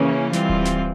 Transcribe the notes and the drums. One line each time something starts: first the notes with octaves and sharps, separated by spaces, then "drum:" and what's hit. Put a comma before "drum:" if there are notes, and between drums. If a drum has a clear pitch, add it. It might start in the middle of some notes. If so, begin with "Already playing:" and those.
Already playing: C#3 E3 A#3 C#4
E3 G3 C4 F4, drum: snare
drum: kick D1
drum: snare